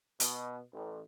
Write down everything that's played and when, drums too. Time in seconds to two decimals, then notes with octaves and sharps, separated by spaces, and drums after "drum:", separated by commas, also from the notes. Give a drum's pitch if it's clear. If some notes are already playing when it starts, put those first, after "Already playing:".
0.20 B2, drum: hi-hat
0.73 A1